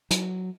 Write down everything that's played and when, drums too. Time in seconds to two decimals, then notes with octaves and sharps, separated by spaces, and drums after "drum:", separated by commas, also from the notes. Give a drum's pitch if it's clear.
0.11 F#3, drum: hi-hat